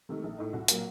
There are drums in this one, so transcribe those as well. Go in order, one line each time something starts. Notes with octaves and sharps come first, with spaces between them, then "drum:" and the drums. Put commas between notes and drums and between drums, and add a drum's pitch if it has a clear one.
C3 D#3 A3
A#1
A2 A3 D#4
C2 F#4
A#2 F#3 A#3, drum: hi-hat